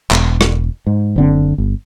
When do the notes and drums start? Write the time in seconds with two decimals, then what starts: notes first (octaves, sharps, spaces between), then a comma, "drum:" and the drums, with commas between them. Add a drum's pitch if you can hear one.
0.11 E1, drum: clap
0.41 drum: rim click
0.87 G#2
1.16 F#1 D3 C4
1.58 G1